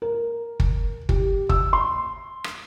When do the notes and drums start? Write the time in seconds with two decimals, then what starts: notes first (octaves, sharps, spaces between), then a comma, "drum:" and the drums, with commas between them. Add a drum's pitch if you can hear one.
0.02 A#4
0.60 drum: kick
1.09 G4, drum: kick
1.49 E6, drum: kick
1.73 C6
2.44 drum: rim click